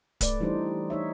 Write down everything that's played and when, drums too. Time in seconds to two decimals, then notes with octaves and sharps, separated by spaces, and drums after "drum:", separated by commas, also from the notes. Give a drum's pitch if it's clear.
0.21 A3 B4 D5, drum: kick D1, hi-hat
0.40 E3 G3 D4 D#4 C5
0.90 D#4 C#5 E5